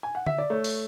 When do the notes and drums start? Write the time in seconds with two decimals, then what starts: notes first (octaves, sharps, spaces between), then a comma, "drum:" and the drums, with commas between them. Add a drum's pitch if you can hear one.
0.03 G#5
0.15 F#5
0.26 E5, drum: tom D3
0.38 D5
0.50 A3 C#5
0.64 drum: open hi-hat